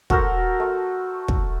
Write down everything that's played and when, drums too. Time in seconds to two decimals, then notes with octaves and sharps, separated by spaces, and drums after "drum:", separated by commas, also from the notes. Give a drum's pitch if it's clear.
0.10 F#4 A4 A#4 C5, drum: kick
0.60 A3
1.28 drum: kick